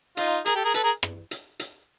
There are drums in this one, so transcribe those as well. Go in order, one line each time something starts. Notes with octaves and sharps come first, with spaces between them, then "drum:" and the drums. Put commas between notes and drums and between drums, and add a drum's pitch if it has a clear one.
D#4 F4, drum: hi-hat
G#4 A#4, drum: hi-hat
G4 A4
G#4 A#4
A4 B4, drum: hi-hat
G#4 A#4
drum: rim click
drum: hi-hat
drum: hi-hat